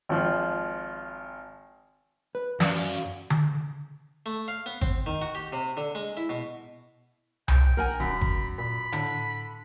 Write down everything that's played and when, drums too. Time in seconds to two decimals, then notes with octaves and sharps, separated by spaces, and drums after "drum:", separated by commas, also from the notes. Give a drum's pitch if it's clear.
0.09 G#1 F3
2.35 B4
2.60 F#2 D5 F5, drum: snare
3.30 drum: tom D3
4.26 A3
4.48 F5
4.66 B3
4.82 C4, drum: kick G#1
5.06 D#3
5.22 F#4
5.35 G4
5.53 C3
5.77 D3
5.95 G#3
6.17 E4
6.29 B2
7.48 G5, drum: tom C2
7.77 A#1 A#4 F#5 G#5
8.00 D#1 F#2 B5
8.21 drum: kick G#1
8.58 A#2 B5
8.92 A2 D3, drum: hi-hat